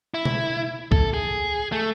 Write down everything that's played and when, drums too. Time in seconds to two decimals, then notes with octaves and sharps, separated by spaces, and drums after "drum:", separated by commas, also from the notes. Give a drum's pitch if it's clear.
0.14 E4
0.25 drum: tom B2
0.92 A4, drum: kick B1
1.14 G#4
1.72 A3